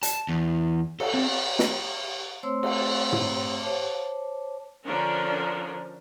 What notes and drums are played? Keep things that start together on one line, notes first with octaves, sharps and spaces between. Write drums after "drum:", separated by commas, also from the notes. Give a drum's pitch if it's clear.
A5, drum: hi-hat
E2
A4, drum: cymbal
C4
drum: snare
A3 C4 C5 C#5 C6 E6
drum: cymbal
drum: tom
C5 C#5 A5 D6
D3 F3 C#4 D4 A#4